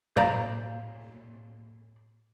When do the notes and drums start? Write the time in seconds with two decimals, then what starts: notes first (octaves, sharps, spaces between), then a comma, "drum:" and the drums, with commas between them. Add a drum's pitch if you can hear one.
0.17 C5 D5 F5 A#5, drum: tom A2